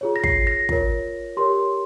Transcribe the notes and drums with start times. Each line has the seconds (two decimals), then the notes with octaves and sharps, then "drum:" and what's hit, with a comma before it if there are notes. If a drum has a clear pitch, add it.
0.01 F4 G#4 C#5
0.16 A#6
0.24 C7, drum: kick
0.47 A#6
0.69 F4 A#4 C#5, drum: kick
1.37 G4 A#4 C#5 C6